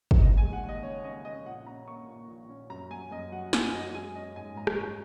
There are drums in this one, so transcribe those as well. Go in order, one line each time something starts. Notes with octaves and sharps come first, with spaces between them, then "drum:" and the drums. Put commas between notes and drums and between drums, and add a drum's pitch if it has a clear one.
drum: kick
D#2 D#5
G#5
G#3
F#5
D#2
D#5
C#3 C#5
C#4 D#5
C#4 D#5
A#1 F#5
C#4 A#5
A#3 C#6
A#2
A#1
C#4
F#2 A#5
F#3 G#5
F#2 D#5
F#3 F#5
F#2 G#5, drum: snare
F#2 D#5
G#3 G#5
C#4 D#5
G#2 G#5
G#2 A#5
drum: rim click
C#4 C#6